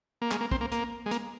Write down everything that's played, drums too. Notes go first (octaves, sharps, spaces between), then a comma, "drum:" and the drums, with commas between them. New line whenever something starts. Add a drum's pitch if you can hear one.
A#3
G#3, drum: clap
A#3
C4, drum: kick
A#3
A#3, drum: hi-hat
G#3
A#3, drum: hi-hat